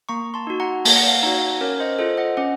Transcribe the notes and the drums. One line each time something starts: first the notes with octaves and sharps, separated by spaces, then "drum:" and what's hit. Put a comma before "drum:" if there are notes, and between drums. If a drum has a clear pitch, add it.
A#3 A#5 C#6
A5 C6
D#4 F#4
F#5 A#5
A#3 A5, drum: open hi-hat
F#5
F5 A5
D#4 F#4 F#5 A#5
C#4 A#4 C#5
C5 D#5
F4 A4 C5 D#5
D#5 F#5
C#4 D#5 F#5